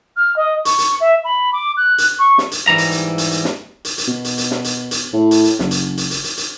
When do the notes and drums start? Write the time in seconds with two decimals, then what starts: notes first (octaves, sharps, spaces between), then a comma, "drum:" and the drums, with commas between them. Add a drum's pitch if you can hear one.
0.17 F6
0.36 D#5
0.65 C#6, drum: hi-hat
0.79 drum: hi-hat
1.01 E5
1.25 B5
1.53 D6
1.77 F#6
1.98 drum: hi-hat
2.19 C#6
2.38 drum: snare
2.52 drum: hi-hat
2.67 G#2 E3 G3 A#5
2.78 drum: hi-hat
2.91 drum: hi-hat
3.18 drum: hi-hat
3.31 drum: hi-hat
3.45 drum: snare
3.85 drum: hi-hat
3.98 drum: hi-hat
4.08 B2
4.25 drum: hi-hat
4.38 drum: hi-hat
4.51 drum: snare
4.64 drum: hi-hat
4.91 drum: hi-hat
5.13 A2
5.31 drum: hi-hat
5.44 drum: hi-hat
5.59 F#1, drum: snare
5.71 drum: hi-hat
5.98 drum: hi-hat
6.11 drum: hi-hat
6.24 drum: hi-hat
6.37 drum: hi-hat